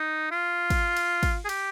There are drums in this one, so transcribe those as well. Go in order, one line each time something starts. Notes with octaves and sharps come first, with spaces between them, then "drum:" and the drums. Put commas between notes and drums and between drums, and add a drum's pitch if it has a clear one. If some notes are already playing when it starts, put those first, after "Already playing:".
Already playing: D#4
F4
drum: kick, cymbal
drum: cymbal
drum: kick, cymbal
G#4
G4, drum: cymbal